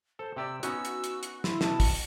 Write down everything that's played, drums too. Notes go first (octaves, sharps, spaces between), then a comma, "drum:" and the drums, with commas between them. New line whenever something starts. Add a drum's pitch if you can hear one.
A4 C5
C3 G4 D5 E6
B3 C#4 D#4 F#4 E6, drum: hi-hat
drum: hi-hat
drum: hi-hat
drum: hi-hat
E4 C6, drum: snare
B2 A5, drum: snare
drum: kick, open hi-hat